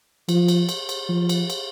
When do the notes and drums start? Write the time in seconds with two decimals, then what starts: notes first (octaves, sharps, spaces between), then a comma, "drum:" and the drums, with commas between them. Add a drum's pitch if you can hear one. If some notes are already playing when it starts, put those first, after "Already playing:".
0.29 F3, drum: cymbal
0.48 drum: cymbal
0.69 drum: cymbal
0.89 drum: cymbal
1.09 F3
1.29 drum: cymbal
1.50 drum: cymbal